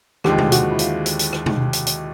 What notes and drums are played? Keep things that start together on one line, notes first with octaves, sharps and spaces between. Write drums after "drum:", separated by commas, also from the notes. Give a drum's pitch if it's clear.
D#2 D3 F3 G#3 G4, drum: rim click
drum: tom B2
F#4, drum: hi-hat
E4
F4, drum: hi-hat
drum: hi-hat
drum: hi-hat
drum: rim click
drum: tom B2
drum: hi-hat
drum: hi-hat